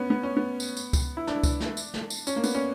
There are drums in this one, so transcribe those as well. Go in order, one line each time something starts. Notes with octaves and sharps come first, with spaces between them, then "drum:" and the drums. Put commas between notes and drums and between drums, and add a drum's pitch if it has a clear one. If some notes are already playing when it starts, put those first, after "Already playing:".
Already playing: B3 C#4
B3
C#4
B3
drum: tambourine
drum: tambourine
drum: kick C#2, tambourine
E4
D4, drum: snare
drum: kick C#2, tambourine
drum: snare
drum: tambourine
drum: snare
drum: tambourine
C#4, drum: tambourine
A#3
B3, drum: tambourine
C#4